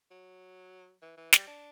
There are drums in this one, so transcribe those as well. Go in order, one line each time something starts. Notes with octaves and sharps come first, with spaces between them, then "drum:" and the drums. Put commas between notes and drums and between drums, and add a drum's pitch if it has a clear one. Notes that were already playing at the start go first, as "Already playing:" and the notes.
F#3
E3
E3
G3, drum: snare
D4